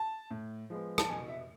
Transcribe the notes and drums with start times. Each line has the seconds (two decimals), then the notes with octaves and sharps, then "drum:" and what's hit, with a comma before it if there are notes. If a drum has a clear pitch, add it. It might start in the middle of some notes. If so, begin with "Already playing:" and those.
Already playing: A5
0.31 A2
0.70 F3 G#3 B3
0.98 A5, drum: rim click
1.09 B2 G#5
1.28 E5